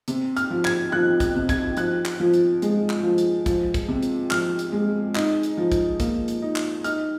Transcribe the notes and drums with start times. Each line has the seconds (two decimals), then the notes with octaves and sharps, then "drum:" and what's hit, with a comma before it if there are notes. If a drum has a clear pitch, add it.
0.08 C3, drum: hi-hat
0.37 F6, drum: hi-hat
0.50 F3
0.65 G#6, drum: clap
0.92 F3 F#6
1.20 F#6, drum: kick, hi-hat
1.35 C3
1.49 G#6, drum: kick, hi-hat
1.77 F3 F#6, drum: hi-hat
2.05 drum: clap
2.20 F3
2.34 drum: hi-hat
2.62 G#3, drum: hi-hat
2.90 drum: clap
3.03 F3
3.18 drum: hi-hat
3.46 F3, drum: kick, hi-hat
3.74 drum: kick, hi-hat
3.88 C3
4.03 drum: hi-hat
4.31 F3 F6, drum: clap
4.59 drum: hi-hat
4.72 G#3
5.15 D#4, drum: clap
5.43 drum: hi-hat
5.57 F3
5.72 drum: kick, hi-hat
6.00 A#3, drum: kick, hi-hat
6.28 drum: hi-hat
6.42 D#4
6.56 drum: clap
6.84 D#4 F6, drum: hi-hat